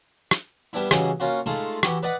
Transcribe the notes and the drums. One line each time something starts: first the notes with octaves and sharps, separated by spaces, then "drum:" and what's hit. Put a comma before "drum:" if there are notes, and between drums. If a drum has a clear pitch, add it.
drum: rim click
G3 B3 D4 E4
C#3 E3 G3 D#4 F#4 G#4, drum: rim click
A#3 C#4 F4 F#4
G#3 A3 D#4 F4 A4
E3 F#4 G4 B5, drum: rim click
B4 D5 D#5 F#5 B5